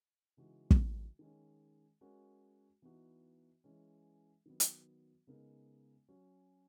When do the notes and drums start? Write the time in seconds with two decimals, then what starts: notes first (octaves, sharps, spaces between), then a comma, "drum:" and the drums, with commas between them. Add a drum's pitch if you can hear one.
0.37 C#3 E3 G#3 D#4 F#4
0.71 drum: kick
1.19 D#3 G#3 C#4
2.01 G#3 C#4 F#4 A#4
2.82 E3 B3 D#4 F#4
3.64 E3 G#3 C#4
4.46 D#3 F#3 B3
4.60 drum: hi-hat
5.27 C#3 G#3 B3 D#4 A#4
6.09 F#3 C#4 F#4